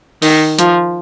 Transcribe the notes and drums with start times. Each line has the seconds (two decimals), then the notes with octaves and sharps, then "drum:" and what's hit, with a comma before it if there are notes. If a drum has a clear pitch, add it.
0.22 D#3, drum: open hi-hat
0.59 F3, drum: hi-hat